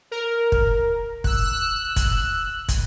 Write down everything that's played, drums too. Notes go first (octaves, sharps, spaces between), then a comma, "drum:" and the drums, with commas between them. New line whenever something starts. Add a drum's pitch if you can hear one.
A#4
drum: kick
E6 F#6, drum: kick
drum: kick, hi-hat
drum: kick, hi-hat